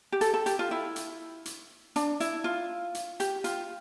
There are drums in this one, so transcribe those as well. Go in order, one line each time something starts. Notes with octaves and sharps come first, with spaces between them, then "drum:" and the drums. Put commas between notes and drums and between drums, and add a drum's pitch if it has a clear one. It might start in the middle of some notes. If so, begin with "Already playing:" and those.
G4
A4, drum: hi-hat
A4
G4, drum: hi-hat
F4
E4
drum: hi-hat
drum: hi-hat
D4, drum: hi-hat
E4, drum: hi-hat
F4
drum: hi-hat
G4, drum: hi-hat
F4, drum: hi-hat